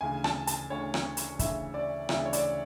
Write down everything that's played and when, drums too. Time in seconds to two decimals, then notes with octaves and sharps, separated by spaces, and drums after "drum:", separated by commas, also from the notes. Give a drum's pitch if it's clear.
0.01 D2 C#3 E3 G#5
0.24 A5, drum: rim click
0.47 A5, drum: hi-hat
0.70 D2 C#3 E3 C#5
0.94 drum: rim click
1.17 drum: hi-hat
1.39 D2 C#3 E3 E5, drum: kick, hi-hat
1.74 D5
2.09 D2 C#3 E3 E5, drum: rim click
2.25 C#5
2.33 D5, drum: hi-hat